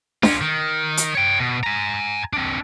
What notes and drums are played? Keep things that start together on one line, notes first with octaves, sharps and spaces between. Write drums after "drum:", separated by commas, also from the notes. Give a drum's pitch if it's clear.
C#4 F4, drum: snare D4
D#3
drum: hi-hat
C#5 G5
B2
G#5 A#5
C4 D4